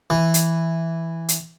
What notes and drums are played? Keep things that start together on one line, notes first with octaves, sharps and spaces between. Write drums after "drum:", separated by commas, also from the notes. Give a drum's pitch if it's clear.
E3
drum: hi-hat
drum: hi-hat